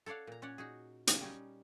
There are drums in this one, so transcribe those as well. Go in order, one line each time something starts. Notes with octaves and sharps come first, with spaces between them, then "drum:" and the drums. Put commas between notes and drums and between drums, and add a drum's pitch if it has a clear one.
A4 C#5 D5 F5 F#5
A#2 A#5
C#4 C#5 D5 F#5
D#4 F#4 G#4
C#3 F#3 A#4, drum: hi-hat
G3 C#4 D#4